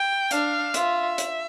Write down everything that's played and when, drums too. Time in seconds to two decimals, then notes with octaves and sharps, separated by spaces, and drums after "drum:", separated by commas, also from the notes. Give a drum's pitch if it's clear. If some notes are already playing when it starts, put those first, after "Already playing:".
Already playing: G5
0.31 D4 F5, drum: hi-hat
0.74 F4 E5, drum: hi-hat
1.18 drum: hi-hat